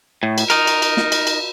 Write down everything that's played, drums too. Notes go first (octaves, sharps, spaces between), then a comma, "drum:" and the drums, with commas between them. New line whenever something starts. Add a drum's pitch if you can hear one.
A2
drum: cymbal
D#4 A#4, drum: cymbal
drum: cymbal
drum: cymbal
drum: snare
drum: cymbal
drum: cymbal